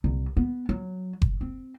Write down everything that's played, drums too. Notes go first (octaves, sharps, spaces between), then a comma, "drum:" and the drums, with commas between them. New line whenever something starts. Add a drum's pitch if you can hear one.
C2
B3
F#3
drum: kick F#1
C4